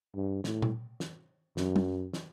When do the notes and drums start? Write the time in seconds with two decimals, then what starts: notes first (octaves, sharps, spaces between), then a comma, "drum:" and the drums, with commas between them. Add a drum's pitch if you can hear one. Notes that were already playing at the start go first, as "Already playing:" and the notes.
0.15 G2
0.44 A2, drum: snare
0.62 drum: tom A#2
1.00 drum: snare
1.57 F#2, drum: snare
1.76 drum: tom F#3
2.13 drum: snare